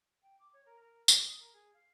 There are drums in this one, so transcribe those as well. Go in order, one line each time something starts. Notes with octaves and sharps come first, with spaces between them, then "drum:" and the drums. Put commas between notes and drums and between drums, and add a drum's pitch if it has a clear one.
G5
D6
C#5
A#4
A#4
D4, drum: tambourine
D#6
A#4
G#4
F5